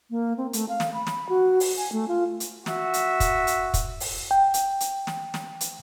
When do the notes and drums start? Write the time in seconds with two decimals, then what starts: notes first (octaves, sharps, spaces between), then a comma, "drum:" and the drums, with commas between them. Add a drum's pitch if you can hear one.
0.11 A#3
0.37 C4
0.53 A3, drum: hi-hat
0.69 F5
0.80 drum: snare
0.93 B5
1.07 drum: snare
1.29 F#4
1.60 drum: open hi-hat
1.77 G#5
1.92 A3
2.08 F4
2.40 drum: hi-hat
2.66 F#4 E5, drum: snare
2.94 drum: hi-hat
3.20 drum: kick, hi-hat
3.47 drum: hi-hat
3.74 drum: kick, hi-hat
4.00 drum: open hi-hat
4.31 G5
4.54 drum: hi-hat
4.80 drum: hi-hat
5.07 drum: snare
5.34 drum: snare
5.61 drum: hi-hat